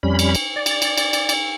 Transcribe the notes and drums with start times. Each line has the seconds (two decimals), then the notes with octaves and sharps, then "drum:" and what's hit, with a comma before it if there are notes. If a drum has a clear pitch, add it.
0.03 F2 G3 C#4 B5
0.19 drum: cymbal
0.35 drum: cymbal
0.56 D5
0.66 drum: cymbal
0.82 drum: cymbal
0.98 drum: cymbal
1.13 drum: cymbal
1.29 drum: cymbal